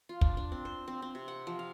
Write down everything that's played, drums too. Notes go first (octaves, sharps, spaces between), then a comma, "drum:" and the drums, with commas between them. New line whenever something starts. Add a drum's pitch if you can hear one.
F4
D4, drum: kick
D4
C4
C5
C4
C4
C3
F#5
F3
F5